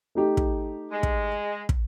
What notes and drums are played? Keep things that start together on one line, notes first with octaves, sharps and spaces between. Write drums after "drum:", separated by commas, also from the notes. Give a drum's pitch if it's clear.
A3 D#4 G4
drum: kick
G#3
drum: kick
drum: kick